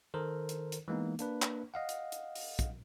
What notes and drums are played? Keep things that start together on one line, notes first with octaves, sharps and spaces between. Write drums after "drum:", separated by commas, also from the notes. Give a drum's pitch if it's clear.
D#3 A4 A#4 C5
drum: hi-hat
drum: hi-hat
E3 G#3 A#3 B3 D#4
A#3 D4 B4, drum: hi-hat
drum: clap
D#5 F5 F#5
drum: hi-hat
drum: hi-hat
drum: open hi-hat
drum: kick, hi-hat